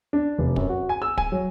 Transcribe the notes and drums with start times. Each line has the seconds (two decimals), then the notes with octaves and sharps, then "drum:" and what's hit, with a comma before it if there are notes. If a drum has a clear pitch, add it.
0.13 D4
0.38 F1
0.56 F#2, drum: kick
0.69 F#4
0.89 G#5
1.02 E6
1.18 G#5, drum: kick
1.32 F#3